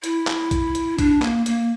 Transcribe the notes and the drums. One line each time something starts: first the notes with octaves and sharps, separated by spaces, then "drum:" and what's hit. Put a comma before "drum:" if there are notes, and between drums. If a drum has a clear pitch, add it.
E4, drum: hi-hat
drum: clap
drum: kick A#1, hi-hat
drum: hi-hat
D4, drum: kick A#1, hi-hat
A#3, drum: clap
A#3, drum: hi-hat